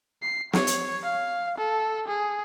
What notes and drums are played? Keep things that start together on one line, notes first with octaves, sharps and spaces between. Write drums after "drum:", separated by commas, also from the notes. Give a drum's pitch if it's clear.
C7
C#5, drum: snare
drum: hi-hat
F5
A4
G#4